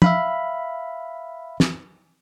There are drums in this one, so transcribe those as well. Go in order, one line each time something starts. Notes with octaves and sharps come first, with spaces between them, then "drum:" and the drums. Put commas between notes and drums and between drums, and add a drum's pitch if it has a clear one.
E5 F5 B5, drum: tom
drum: snare